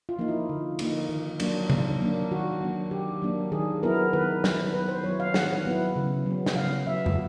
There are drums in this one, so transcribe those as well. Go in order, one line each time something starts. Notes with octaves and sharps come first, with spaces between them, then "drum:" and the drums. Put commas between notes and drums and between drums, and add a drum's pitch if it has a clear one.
F4
F3 A#3 D#4
E4
D3
F3 A#3 D#4, drum: cymbal
D#3
F#3 A#3 D4, drum: cymbal
D#3, drum: tom
F#3 A#3 D4
D#3 F#4
F#3 A#3 D4
D#3 G4
F#3 A#3 D4
D#3 G#4
F#3 B3 E4 A#4
D#3 B4
F#3 B3 E4, drum: snare
D#3 B4
C5
F#3 B3 E4 C#5
F5
D#3 F#5, drum: snare
F#3 B3 E4
C#3
F#3 B3
drum: snare
C#3 F5
F#3 B3 E5
drum: tom